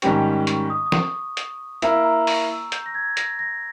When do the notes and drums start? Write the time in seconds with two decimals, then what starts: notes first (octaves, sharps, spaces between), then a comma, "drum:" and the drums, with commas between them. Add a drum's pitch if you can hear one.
0.02 G#2 D#3 G3 C#4 G4 C#6, drum: hi-hat
0.47 C#6, drum: hi-hat
0.70 D#6
0.86 D#6
0.92 C#6, drum: snare
1.37 drum: hi-hat
1.82 A#3 E4 A#4 E5, drum: hi-hat
2.04 A#5
2.27 C#6, drum: open hi-hat
2.49 E6
2.72 G6, drum: hi-hat
2.86 A#6
2.94 G#6
3.17 A#6, drum: hi-hat
3.39 A#6